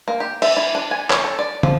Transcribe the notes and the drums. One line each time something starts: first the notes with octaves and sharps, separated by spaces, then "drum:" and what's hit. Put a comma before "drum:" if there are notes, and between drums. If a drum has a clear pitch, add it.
A#3
G4
E5, drum: cymbal
E4
D4
G#5
C#5, drum: clap
A4
D5
F3, drum: tom